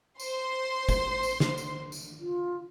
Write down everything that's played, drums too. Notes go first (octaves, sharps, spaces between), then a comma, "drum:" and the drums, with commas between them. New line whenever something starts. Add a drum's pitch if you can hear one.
C5 C6, drum: tambourine
drum: kick, tambourine
drum: tambourine
drum: snare
drum: tambourine
drum: tambourine
F4